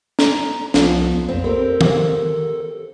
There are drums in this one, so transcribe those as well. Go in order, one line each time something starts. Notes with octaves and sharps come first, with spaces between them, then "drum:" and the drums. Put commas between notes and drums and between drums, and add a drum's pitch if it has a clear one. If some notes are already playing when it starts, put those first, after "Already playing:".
A#5, drum: snare
C2 F3 B3, drum: snare
B1 F2 C4
C4 G4 A4 A#4
drum: tom D#3